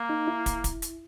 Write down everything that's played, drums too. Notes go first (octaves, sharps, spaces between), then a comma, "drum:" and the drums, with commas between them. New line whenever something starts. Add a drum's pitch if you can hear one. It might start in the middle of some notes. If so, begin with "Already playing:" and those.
Already playing: A#3
D#4
E4
drum: kick, hi-hat
drum: kick, hi-hat
drum: hi-hat